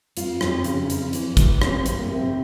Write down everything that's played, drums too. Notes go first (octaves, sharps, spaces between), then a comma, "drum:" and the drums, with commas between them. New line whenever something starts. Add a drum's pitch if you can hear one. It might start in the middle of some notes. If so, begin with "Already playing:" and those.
F2 F4, drum: hi-hat
F2, drum: rim click
C#3, drum: hi-hat
F2, drum: hi-hat
E3, drum: hi-hat
E3, drum: kick, hi-hat
F2 C#4, drum: rim click
C4
F2, drum: hi-hat
A#3
C3
C4